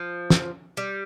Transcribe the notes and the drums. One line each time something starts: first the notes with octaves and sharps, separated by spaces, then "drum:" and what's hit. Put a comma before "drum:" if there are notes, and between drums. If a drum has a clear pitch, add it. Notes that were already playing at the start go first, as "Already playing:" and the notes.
Already playing: F3
drum: snare
G3